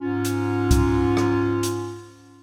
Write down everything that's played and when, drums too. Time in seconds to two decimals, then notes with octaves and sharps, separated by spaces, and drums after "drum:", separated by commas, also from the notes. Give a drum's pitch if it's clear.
0.02 G#2 C#4 F4
0.25 drum: hi-hat
0.71 drum: kick C#2, hi-hat
1.17 drum: rim click
1.63 drum: hi-hat